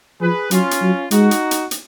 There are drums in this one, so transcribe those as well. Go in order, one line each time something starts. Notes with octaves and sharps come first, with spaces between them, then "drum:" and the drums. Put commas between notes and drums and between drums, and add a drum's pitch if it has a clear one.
F3 G#4 B4
F#3 C#4 F4, drum: hi-hat
drum: hi-hat
F#3
G#3 D#4 F#4, drum: hi-hat
drum: hi-hat
drum: hi-hat
drum: hi-hat